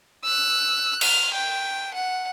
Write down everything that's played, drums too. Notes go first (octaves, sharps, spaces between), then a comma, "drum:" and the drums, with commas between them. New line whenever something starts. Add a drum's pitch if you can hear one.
E6 F#6
F6, drum: cymbal
G5
F#5